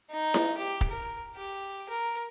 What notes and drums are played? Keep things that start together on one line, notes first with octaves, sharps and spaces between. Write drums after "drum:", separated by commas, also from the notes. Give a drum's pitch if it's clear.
D#4
drum: snare E4
G4
drum: kick
A#4
G4
A#4